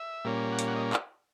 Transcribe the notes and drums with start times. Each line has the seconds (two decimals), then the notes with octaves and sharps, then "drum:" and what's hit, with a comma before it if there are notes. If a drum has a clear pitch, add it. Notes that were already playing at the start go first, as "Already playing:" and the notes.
Already playing: E5
0.24 A#2 G3 A#3 C#4
0.52 F#5
0.59 F5, drum: hi-hat
0.68 F#5
0.76 D#5
0.93 drum: clap